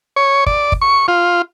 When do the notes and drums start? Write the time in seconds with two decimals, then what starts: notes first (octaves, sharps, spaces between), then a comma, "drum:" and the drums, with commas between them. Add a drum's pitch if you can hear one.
0.16 C#5
0.46 D5, drum: kick
0.72 drum: kick
0.82 C#6
1.08 F4